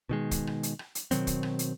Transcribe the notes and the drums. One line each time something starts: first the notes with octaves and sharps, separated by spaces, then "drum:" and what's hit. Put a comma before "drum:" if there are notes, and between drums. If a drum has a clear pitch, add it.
B2 D#3 G#3
drum: kick, hi-hat
drum: rim click
drum: hi-hat
drum: rim click
drum: hi-hat
B2 D#3 F#3 C4, drum: hi-hat
drum: kick, hi-hat
drum: rim click
drum: hi-hat